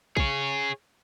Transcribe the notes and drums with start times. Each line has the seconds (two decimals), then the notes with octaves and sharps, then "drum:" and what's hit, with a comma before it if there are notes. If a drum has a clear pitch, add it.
0.17 G#4 C#5, drum: kick